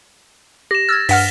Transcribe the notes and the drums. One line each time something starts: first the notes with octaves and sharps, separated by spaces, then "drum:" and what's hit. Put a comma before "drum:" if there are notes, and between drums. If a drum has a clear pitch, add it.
G4 A#6 E7
E6 F6 G#6 A6
G2 F#5 F6 B6, drum: open hi-hat